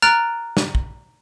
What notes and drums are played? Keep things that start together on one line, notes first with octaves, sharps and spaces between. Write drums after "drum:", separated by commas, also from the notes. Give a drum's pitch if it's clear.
A#5 F6 F#6 A6 D7
drum: snare
drum: kick A#1